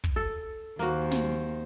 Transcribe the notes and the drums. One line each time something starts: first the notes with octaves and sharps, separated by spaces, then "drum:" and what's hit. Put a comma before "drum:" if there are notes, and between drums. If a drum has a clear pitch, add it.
drum: kick
A4
D#2 A#3 F#4 C5
drum: snare